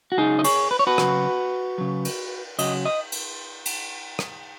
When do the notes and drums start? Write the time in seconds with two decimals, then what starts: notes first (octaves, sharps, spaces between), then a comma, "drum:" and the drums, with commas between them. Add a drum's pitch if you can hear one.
0.12 F#4
0.17 C#3 F#3 D#4 G#4
0.39 D#5
0.44 G#4 C#5, drum: cymbal
0.71 B4
0.79 C#5
0.87 F#4 B4
0.98 C#3 F#3, drum: rim click
1.78 C#3 F#3
2.05 drum: cymbal
2.59 C#3 F#3 D#5, drum: cymbal
2.85 D#5
3.12 drum: cymbal
3.65 drum: cymbal
4.19 drum: rim click